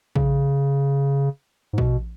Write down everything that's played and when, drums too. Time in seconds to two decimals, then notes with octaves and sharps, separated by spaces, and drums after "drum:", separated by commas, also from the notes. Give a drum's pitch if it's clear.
0.15 C#3, drum: kick A#1
1.73 G#2
1.78 B2, drum: kick A#1